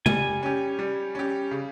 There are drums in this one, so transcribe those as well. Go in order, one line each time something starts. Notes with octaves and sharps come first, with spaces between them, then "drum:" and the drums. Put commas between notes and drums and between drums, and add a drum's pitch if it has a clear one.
G3 G#5, drum: tom
C#4 G4
G3
C#4 G4
C#3